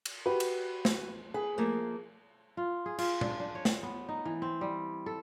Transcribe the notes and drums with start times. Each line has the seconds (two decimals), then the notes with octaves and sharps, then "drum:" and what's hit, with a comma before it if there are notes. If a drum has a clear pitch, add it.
0.05 drum: cymbal
0.26 F#4 G4 B4
0.40 drum: cymbal
0.85 drum: snare
1.34 G#4 B4
1.58 F3 A3 A#3
2.57 F4
2.86 G#4
2.98 F4, drum: cymbal
3.21 D4, drum: tom A#2
3.40 D4
3.55 C#5
3.65 drum: snare
3.83 B3
4.09 D#4
4.25 E3
4.42 C4
4.61 G3
5.06 A4